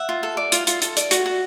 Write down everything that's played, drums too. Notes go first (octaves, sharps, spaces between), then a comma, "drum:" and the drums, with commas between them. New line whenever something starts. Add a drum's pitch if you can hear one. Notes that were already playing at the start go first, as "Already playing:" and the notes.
Already playing: E5 F#5
F4
A4
D5
F4, drum: hi-hat
F4, drum: hi-hat
A4, drum: hi-hat
D5, drum: hi-hat
F#4, drum: hi-hat
F#4